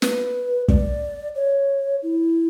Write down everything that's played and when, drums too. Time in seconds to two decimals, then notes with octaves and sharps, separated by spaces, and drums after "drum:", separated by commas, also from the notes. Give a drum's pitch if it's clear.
0.02 B4, drum: snare
0.68 D5, drum: kick
1.35 C#5
2.03 E4